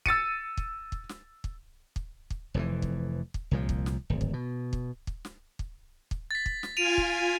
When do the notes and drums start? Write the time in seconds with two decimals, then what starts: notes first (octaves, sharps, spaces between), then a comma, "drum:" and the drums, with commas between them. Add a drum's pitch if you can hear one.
0.06 E6 A6 C#7 D#7, drum: kick
0.57 drum: kick
0.92 drum: kick
1.09 drum: snare
1.44 drum: kick
1.96 drum: kick
2.30 drum: kick
2.54 F1 F2 D3 E3
2.82 drum: kick
3.34 drum: kick
3.51 C2 A#2 F3
3.69 drum: kick
3.86 drum: snare
4.10 D1 G#1
4.21 drum: kick
4.33 B2
4.73 drum: kick
5.07 drum: kick
5.25 drum: snare
5.59 drum: kick
6.11 drum: kick
6.31 A6 B6
6.46 drum: kick
6.63 drum: snare
6.77 F4 G#5 D7 D#7 F7
6.98 drum: kick